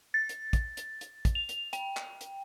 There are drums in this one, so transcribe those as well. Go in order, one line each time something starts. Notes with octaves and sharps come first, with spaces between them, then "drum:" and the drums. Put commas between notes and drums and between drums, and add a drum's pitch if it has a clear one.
A6
drum: hi-hat
drum: kick, hi-hat
drum: hi-hat
drum: hi-hat
drum: kick, hi-hat
F7
drum: hi-hat
G5, drum: hi-hat
drum: clap
drum: hi-hat